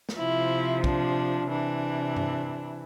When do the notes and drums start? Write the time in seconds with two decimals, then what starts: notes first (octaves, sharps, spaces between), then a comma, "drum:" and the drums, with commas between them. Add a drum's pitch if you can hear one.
0.09 drum: snare
0.19 C3 F3 E4
0.84 D4, drum: kick
1.48 C3 E3 D4
2.16 drum: tom G2